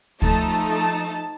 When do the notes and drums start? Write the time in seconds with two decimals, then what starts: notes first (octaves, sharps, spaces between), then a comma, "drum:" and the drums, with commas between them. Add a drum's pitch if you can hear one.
0.22 F3 A3 D#4 A5, drum: kick D2
0.67 A5